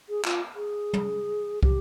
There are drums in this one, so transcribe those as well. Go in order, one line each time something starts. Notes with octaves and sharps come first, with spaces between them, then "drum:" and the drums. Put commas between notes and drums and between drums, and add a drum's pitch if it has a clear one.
G#4
F4, drum: clap
G#4
drum: tom
G4, drum: kick